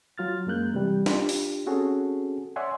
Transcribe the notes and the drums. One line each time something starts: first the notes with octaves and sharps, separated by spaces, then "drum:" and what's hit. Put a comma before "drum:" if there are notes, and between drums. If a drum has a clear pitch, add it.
F#3 F4 F6 A6
F#2 G#3 A#3 F#6 G6
C3 E3 G3
D4 F4 G4, drum: snare
drum: open hi-hat
C4 C#4 F#4 G#4 A4
C#5 D5 E5 F#5 G#5 C6